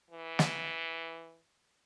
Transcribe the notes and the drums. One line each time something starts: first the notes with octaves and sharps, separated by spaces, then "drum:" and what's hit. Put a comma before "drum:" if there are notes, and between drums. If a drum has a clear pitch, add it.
E3
drum: snare